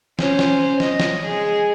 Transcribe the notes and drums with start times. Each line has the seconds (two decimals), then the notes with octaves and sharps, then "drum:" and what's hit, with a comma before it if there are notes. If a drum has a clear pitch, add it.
0.19 C#4 C5, drum: snare
0.39 drum: snare
0.80 D#5, drum: snare
1.00 drum: snare
1.24 G#3 G#4